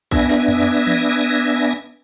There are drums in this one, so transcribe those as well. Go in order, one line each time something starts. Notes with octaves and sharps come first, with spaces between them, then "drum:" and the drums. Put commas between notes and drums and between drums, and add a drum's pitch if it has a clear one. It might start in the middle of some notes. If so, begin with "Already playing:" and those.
B3 D4 E5 G#5 A#6, drum: kick
drum: snare
drum: tom F2
drum: tom E3